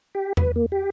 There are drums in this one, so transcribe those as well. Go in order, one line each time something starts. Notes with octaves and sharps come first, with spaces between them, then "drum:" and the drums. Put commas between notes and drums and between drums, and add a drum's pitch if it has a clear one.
G4
B4, drum: tom E2
A#3
G4